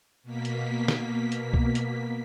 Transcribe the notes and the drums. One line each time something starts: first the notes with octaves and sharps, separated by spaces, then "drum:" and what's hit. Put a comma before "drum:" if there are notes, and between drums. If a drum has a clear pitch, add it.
B2 A#3 B6
drum: hi-hat
drum: snare
drum: hi-hat
drum: kick C2
drum: hi-hat